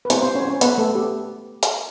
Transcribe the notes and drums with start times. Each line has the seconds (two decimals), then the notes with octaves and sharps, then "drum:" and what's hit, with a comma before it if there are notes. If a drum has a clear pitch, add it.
0.05 B4
0.10 G#3 B3 C4 E4 G4 C5, drum: hi-hat
0.22 C4 C5
0.35 C#4 C#5
0.42 C5
0.48 C#4 C#5
0.61 B3 B4, drum: hi-hat
0.78 A3 A4
0.95 G4
1.63 drum: hi-hat